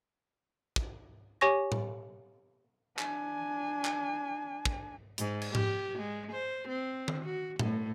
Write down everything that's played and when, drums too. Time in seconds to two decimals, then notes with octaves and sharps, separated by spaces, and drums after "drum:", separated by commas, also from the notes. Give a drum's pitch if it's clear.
0.76 drum: kick
1.41 G4 C#5 G#5 C#6 A#6
1.72 drum: tom A2
2.99 D4 G#5, drum: clap
3.85 drum: clap
4.65 drum: kick
5.18 G#2, drum: hi-hat
5.42 drum: cymbal
5.55 G4, drum: tom G#2
5.99 G#3
6.32 C5
6.67 C4
7.08 drum: tom D#3
7.25 F#4
7.59 A2, drum: tom A2